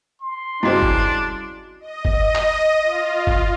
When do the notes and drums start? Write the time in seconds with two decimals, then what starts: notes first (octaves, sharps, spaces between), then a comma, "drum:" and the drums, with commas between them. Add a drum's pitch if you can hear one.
0.21 C6
0.63 G2 C#3 C4 D4 E4 F#4 D#5
0.83 drum: kick
1.80 D#5
2.05 drum: kick
2.35 drum: clap
2.81 F4
3.27 drum: kick